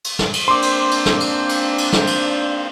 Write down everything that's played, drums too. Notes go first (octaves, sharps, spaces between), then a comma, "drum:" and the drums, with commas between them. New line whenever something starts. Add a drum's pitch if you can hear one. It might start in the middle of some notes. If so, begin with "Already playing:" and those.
drum: cymbal
drum: snare
drum: cymbal
A#3 C4 D4 C5 C6 D6
drum: cymbal
drum: cymbal
drum: snare
drum: cymbal
drum: cymbal
drum: cymbal
drum: snare
drum: cymbal